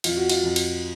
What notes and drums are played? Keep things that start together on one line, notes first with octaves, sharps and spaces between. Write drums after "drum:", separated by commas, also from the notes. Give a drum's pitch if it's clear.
F2 F4, drum: cymbal
F#4
F4, drum: cymbal
F2
drum: cymbal